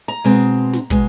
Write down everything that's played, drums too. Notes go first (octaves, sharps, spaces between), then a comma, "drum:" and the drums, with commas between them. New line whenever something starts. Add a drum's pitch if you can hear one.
A#5
B2 G#3 C4
drum: hi-hat
drum: snare
B2 G#3, drum: kick